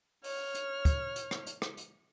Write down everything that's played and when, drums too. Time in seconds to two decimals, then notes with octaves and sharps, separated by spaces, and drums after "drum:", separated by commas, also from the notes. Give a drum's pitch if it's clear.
0.24 C#5 F6, drum: open hi-hat
0.55 drum: hi-hat
0.85 drum: kick, hi-hat
1.16 drum: hi-hat
1.31 drum: rim click
1.47 drum: hi-hat
1.62 drum: rim click
1.77 drum: hi-hat